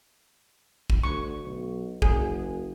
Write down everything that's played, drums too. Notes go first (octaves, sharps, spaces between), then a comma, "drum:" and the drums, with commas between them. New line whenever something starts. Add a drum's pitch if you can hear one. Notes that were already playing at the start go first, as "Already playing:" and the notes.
drum: kick
D2 C#6
B1
F#1 G#4, drum: kick